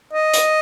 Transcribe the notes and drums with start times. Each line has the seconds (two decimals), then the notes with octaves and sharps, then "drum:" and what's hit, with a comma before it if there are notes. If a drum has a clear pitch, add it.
0.13 D#5
0.33 drum: hi-hat